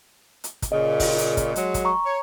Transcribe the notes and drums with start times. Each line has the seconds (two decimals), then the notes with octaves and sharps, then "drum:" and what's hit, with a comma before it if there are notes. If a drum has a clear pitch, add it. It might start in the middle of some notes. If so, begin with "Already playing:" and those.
0.44 drum: hi-hat
0.62 drum: kick, hi-hat
0.72 A#2 C#3 D#5
1.00 drum: kick, open hi-hat
1.18 drum: hi-hat
1.37 drum: kick, hi-hat
1.56 F#3 G#3, drum: hi-hat
1.74 drum: kick, hi-hat
1.85 A#5 C#6
2.05 C#5